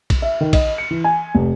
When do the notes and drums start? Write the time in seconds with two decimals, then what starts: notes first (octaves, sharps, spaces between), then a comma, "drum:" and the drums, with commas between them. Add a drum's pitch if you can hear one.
0.10 drum: kick, cymbal
0.22 E5
0.41 D#3
0.53 D#5, drum: kick, cymbal
0.78 C#7
0.91 E3
1.04 G#5
1.35 F1